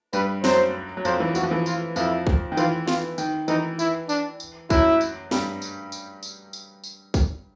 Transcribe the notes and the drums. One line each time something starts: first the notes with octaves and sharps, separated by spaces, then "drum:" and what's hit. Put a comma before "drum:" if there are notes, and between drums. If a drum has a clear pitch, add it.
G2 G3 B4, drum: tambourine
F#2 F#3 C5, drum: snare
F#3
F2 F3 C5, drum: tambourine
E3
E3 F#4, drum: tambourine
F3
E3
F4, drum: tambourine
F2 F3 E4, drum: tambourine
drum: kick
D#3
E3 F4, drum: tambourine
F4, drum: snare
D#3, drum: tambourine
E3 D#4, drum: tambourine
E4, drum: tambourine
D4, drum: tambourine
drum: tambourine
F#2 F#3 E4, drum: kick, tambourine
drum: tambourine
G2 G3, drum: snare
drum: tambourine
drum: tambourine
drum: tambourine
drum: tambourine
drum: tambourine
drum: kick, tambourine